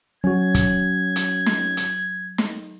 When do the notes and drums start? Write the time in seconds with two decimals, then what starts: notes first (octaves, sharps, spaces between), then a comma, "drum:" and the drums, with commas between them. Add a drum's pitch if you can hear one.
0.24 F#3 C#4 F#4 G#6
0.54 drum: kick, hi-hat
1.16 drum: hi-hat
1.46 drum: snare
1.77 drum: hi-hat
2.38 drum: snare